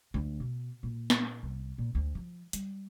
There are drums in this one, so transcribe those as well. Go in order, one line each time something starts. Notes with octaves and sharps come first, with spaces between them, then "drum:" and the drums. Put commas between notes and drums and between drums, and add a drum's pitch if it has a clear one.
D2
B2
A#2
drum: snare
C2
A#2
D2
F3
G3, drum: hi-hat